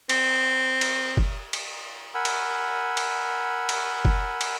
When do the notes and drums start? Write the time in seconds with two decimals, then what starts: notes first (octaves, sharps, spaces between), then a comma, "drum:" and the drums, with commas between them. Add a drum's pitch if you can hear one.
0.09 C4, drum: cymbal
0.81 drum: cymbal
1.17 drum: kick
1.53 drum: cymbal
2.14 A#4 F#5 G#5 B5 E6
2.25 drum: cymbal
2.97 drum: cymbal
3.69 drum: cymbal
4.05 drum: kick
4.41 drum: cymbal